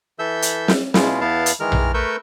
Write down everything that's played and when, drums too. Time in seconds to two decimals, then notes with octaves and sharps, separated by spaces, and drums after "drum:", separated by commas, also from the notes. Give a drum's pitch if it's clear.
0.19 E3 A4 E5 E6 G6
0.42 drum: hi-hat
0.68 drum: snare
0.94 B2 G#3 E4 F4, drum: snare
1.21 E2 B3 E4 F5 A5
1.46 drum: hi-hat
1.60 D#3 E3 G#3 A#4 F6
1.72 drum: tom A#1
1.94 A3 A#4 B4 C#6 E6 G6